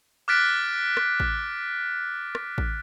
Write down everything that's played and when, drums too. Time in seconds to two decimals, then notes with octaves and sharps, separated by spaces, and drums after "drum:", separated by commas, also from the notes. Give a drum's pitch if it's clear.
0.28 D6 F6 F#6 A6 B6 D7
0.97 drum: rim click
1.20 drum: kick A1
2.35 drum: rim click
2.58 drum: kick A1